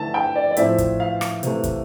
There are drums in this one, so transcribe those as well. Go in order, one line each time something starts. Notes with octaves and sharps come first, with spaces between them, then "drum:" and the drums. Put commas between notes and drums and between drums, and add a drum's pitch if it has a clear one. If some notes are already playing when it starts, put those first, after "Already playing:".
Already playing: D3 A3 E4 A5
G5
D5
D5
A2 F3 C4 E4 E5, drum: hi-hat
drum: kick, hi-hat
F5
drum: rim click
C3 E3 A3, drum: hi-hat
drum: kick, hi-hat